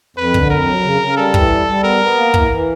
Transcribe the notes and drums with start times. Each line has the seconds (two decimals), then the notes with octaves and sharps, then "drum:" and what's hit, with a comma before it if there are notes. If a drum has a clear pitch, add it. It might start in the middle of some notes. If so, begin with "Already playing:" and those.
0.17 F2 B4
0.34 D3, drum: kick
0.50 F2 A#4
0.67 F#3
0.84 C#3
1.01 C#3
1.17 G3 A4
1.34 E3, drum: kick
1.51 G3
1.67 G3
1.83 B3 A#4
2.01 B3
2.17 A#3
2.34 E3, drum: kick
2.51 E3